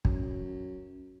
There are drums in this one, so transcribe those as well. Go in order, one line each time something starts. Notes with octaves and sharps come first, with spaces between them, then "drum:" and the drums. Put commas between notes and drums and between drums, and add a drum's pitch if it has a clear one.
F#2, drum: kick